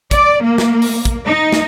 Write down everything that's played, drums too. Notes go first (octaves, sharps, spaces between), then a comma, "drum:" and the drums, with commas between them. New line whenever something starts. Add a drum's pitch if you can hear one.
D5, drum: kick, hi-hat
A#3
drum: snare
drum: open hi-hat
drum: kick, hi-hat
D#4
drum: snare